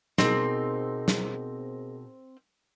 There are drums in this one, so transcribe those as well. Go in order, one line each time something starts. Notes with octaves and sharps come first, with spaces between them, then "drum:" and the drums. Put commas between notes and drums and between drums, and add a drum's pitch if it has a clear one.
B2 C4 D#4 G#4 A#4 D#5, drum: snare
drum: snare